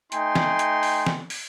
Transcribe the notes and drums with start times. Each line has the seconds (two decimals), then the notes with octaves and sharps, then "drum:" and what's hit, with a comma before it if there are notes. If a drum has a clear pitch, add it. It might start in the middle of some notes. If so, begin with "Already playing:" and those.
0.12 A3 D#4 G5 G#5 C6, drum: hi-hat
0.36 drum: snare
0.59 drum: hi-hat
0.83 drum: open hi-hat
1.07 drum: snare
1.30 drum: open hi-hat